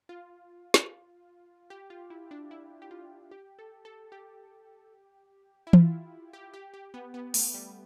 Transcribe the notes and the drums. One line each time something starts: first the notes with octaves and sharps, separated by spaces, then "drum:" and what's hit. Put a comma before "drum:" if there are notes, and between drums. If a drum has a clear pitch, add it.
F4
drum: snare
G4
F4
E4
D4
E4
G4
F4
G4
A4
A4
G4
E4
F4, drum: tom E3
G4
G4
G4
B3
B3
A3, drum: open hi-hat
G3